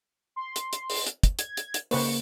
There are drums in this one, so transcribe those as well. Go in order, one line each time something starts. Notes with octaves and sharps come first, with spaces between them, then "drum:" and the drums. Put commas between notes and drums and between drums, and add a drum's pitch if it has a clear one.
C6
drum: hi-hat
drum: hi-hat
drum: open hi-hat
drum: hi-hat
drum: kick, hi-hat
G#6, drum: hi-hat
drum: hi-hat
drum: hi-hat
C#3 A#3 B4 C5 C#6, drum: open hi-hat